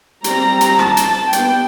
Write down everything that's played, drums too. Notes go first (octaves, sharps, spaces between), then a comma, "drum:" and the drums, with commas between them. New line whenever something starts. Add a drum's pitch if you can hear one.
G3 C4 A#5, drum: hi-hat
drum: hi-hat
A5, drum: rim click
drum: hi-hat
G3 B3 D4 G5, drum: hi-hat